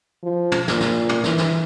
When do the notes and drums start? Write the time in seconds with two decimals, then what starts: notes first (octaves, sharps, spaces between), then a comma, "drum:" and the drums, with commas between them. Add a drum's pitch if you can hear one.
0.23 F3
0.52 drum: tom
0.68 A#2, drum: snare
0.80 drum: snare
1.09 drum: tom
1.24 E3, drum: snare
1.38 drum: snare